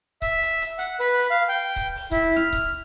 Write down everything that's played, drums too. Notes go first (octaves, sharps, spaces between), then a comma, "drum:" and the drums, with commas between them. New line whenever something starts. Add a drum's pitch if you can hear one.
E5, drum: kick C#1, hi-hat
drum: hi-hat
drum: hi-hat
F#5, drum: hi-hat
B4, drum: hi-hat
drum: hi-hat
F5
G5
drum: kick C#1, hi-hat
drum: open hi-hat
E4, drum: kick C#1, hi-hat
F6, drum: snare
drum: kick C#1, hi-hat